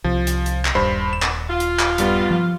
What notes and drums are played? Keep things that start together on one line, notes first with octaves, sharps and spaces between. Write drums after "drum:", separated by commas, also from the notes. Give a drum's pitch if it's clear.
C2 F3
drum: hi-hat
drum: hi-hat
drum: clap
D#1 G2 C5 B5
E7
drum: clap
F4
drum: hi-hat
drum: clap
G2 G3 B3, drum: hi-hat
F3